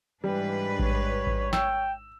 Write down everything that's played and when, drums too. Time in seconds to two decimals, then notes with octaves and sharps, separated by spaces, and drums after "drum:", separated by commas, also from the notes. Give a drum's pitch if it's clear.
0.24 G#2 E3 G3 D4 B4
0.79 C#5, drum: kick A1
1.27 drum: kick A1
1.53 G5 E6, drum: snare